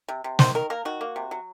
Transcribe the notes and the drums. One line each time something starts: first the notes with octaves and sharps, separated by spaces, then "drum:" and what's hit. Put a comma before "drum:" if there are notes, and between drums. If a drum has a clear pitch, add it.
C3
C3
D#3 C5, drum: snare
D#3 A#4
A#3 A#4
D#3 F#4
A#3
C3
F#3